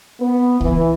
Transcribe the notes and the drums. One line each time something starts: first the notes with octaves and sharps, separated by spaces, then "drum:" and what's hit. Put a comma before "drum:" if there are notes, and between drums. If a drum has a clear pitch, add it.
B3
E3, drum: kick C2